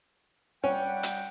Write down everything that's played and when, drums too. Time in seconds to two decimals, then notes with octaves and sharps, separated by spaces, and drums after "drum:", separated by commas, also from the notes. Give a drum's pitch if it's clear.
0.64 G3 C#4 F#5 G5
1.03 drum: hi-hat